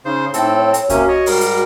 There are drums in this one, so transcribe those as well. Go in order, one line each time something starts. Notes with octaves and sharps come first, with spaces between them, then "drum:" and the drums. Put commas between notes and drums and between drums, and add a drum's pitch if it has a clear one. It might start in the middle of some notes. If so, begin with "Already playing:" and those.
C#3 D#4 C5
A2 C4 A4, drum: hi-hat
C#5
drum: hi-hat
C3 A#3 C#4 F#4, drum: kick C2, hi-hat
C#5 D#5
G#2 G3 A#4, drum: open hi-hat
drum: hi-hat